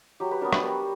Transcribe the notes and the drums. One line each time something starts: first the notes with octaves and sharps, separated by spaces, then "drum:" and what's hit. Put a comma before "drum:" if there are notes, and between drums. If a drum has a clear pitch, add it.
F#3 G4
G4 B4
B3 D4 A#4 C#5
G4 B4, drum: rim click
G3 A#4 C#5